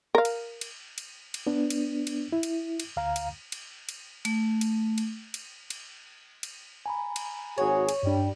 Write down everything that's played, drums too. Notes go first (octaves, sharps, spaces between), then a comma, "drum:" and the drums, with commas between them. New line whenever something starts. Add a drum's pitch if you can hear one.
A#4 F5
drum: cymbal
drum: cymbal
drum: cymbal
drum: cymbal
B3 D4
drum: cymbal
drum: cymbal
E4
drum: cymbal
drum: cymbal
D2 F5 A#5
drum: cymbal
drum: cymbal
drum: cymbal
A3, drum: cymbal
drum: cymbal
drum: cymbal
drum: cymbal
drum: cymbal
drum: cymbal
G#5 A#5 B5
drum: cymbal
G#1 F#4 G#4 C#5
drum: cymbal
G2 G3 D4